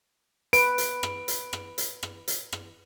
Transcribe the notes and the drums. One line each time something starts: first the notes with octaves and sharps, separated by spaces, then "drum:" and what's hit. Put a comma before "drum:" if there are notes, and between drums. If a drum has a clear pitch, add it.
B4 D7, drum: hi-hat
drum: hi-hat
drum: rim click
drum: hi-hat
drum: rim click
drum: hi-hat
drum: rim click
drum: hi-hat
drum: rim click